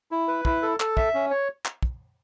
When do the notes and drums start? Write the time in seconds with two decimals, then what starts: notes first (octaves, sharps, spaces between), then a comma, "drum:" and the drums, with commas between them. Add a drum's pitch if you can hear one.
0.11 E4
0.28 B4
0.45 E4, drum: kick
0.62 A4
0.80 A4, drum: clap
0.97 E5, drum: kick
1.14 C#4
1.31 C#5
1.65 drum: clap
1.83 drum: kick